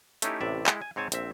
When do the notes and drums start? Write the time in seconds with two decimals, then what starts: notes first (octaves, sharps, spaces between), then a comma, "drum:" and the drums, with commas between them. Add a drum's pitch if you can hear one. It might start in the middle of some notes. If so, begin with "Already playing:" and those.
0.22 A3 C#4 D#4 E4 G4, drum: hi-hat
0.41 A1 A2 C3 D5 E5
0.66 G#3 E4, drum: clap
0.82 G#5
0.96 G#2 C4 C#5 G#5 A5
1.12 A#1 C4 E5, drum: hi-hat